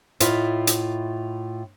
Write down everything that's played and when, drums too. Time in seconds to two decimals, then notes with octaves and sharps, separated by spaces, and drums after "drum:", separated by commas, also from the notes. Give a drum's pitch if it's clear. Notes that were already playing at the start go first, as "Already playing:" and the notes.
0.20 A2 E4 F4 D#5, drum: hi-hat
0.67 drum: hi-hat